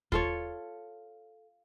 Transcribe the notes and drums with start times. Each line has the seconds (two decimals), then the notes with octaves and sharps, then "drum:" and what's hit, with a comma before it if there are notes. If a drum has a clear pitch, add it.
0.12 F4 A4 C#5, drum: kick